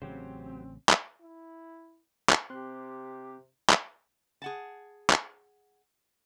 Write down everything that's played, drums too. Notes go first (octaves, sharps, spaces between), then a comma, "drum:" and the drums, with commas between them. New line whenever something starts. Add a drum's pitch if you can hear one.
A1 C#3 F#3 C4 G4 C5
drum: clap
E4
drum: clap
C3 C4 G4 C6 F#6
drum: clap
G#4 F#5 A5
drum: clap